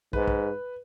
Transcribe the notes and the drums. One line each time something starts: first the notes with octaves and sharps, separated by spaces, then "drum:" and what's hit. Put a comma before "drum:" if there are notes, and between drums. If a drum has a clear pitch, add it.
G#2 B4, drum: kick
drum: kick